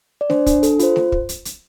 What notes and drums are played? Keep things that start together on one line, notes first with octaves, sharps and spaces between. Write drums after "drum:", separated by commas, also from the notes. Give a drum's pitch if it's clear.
D5
D4 C5, drum: snare A3
D4, drum: kick, hi-hat
A4, drum: hi-hat
F4 C5, drum: hi-hat
drum: snare A3
drum: kick
drum: hi-hat
drum: hi-hat